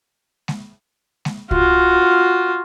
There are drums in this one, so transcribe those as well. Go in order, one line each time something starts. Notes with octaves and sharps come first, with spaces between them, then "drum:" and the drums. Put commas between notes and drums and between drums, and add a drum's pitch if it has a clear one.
drum: snare G#3
drum: snare G#3
F4 F#4, drum: kick C2